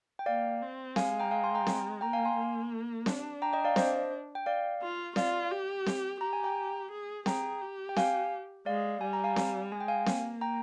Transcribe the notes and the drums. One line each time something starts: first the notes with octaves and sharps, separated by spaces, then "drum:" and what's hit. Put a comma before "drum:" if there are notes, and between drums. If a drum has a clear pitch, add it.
G5
A#3 D5 F5
C4
G#3 F5 G#5, drum: snare C4
G5 A#5
F5 G#5
G#5 C6
G5 A#5
drum: snare C4
A#3 G5 A#5
F5 G#5
G#5 C6
A#3
D4, drum: snare C4
G5 A#5
D#5 G5
D5 F5
D4 C5 D#5, drum: snare C4
G5
D5 F5
F4
F4 D5 F5, drum: snare C4
G4
drum: snare C4
G4 A#5
G#5
G5 A#5
G#4
G#4 G5 A#5, drum: snare C4
G4
G5
F5 G#5, drum: snare C4
G#3 D5 F5
G3 G#5
A#5
F5 G#5
drum: snare C4
G#3 G#5
G5
F5 G#5
A#3, drum: snare C4
G5 A#5